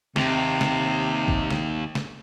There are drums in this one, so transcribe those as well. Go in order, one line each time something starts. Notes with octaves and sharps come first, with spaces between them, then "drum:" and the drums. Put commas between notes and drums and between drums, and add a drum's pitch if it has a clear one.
D#2 C3, drum: snare
drum: snare
drum: kick A1
drum: snare
drum: snare